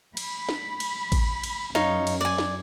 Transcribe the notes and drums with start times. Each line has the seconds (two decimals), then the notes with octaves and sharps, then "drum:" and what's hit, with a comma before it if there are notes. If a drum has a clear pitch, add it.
0.17 B5, drum: cymbal
0.49 drum: snare
0.80 drum: cymbal
1.12 drum: kick A1, cymbal
1.43 drum: cymbal
1.75 F#2 D#4 C#5 F5, drum: snare
2.07 drum: cymbal
2.21 D5 G#5
2.38 drum: snare